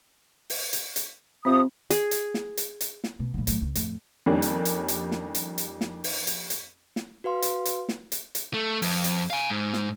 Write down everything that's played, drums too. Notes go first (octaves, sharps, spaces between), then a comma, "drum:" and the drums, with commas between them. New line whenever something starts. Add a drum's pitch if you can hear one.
drum: open hi-hat
drum: hi-hat
drum: hi-hat
C3 F3 C4 D#6
G#4, drum: hi-hat
drum: hi-hat
drum: snare
drum: hi-hat
drum: hi-hat
drum: snare
B2
A#2 F3
A2 F#3, drum: hi-hat
C#2
F2 A2, drum: hi-hat
F2 D#3 G3 A#3 C#4 D4
drum: hi-hat
drum: hi-hat
drum: hi-hat
drum: snare
drum: hi-hat
drum: hi-hat
drum: snare
drum: open hi-hat
drum: hi-hat
drum: hi-hat
drum: snare
F#4 B4 F5 C6
drum: hi-hat
drum: hi-hat
drum: snare
drum: hi-hat
drum: hi-hat
A3
F2, drum: open hi-hat
drum: hi-hat
F5 G#5
G#2
drum: snare